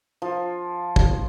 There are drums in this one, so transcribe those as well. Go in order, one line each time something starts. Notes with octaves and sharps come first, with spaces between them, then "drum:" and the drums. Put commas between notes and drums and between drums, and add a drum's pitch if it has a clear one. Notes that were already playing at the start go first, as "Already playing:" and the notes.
F3
drum: kick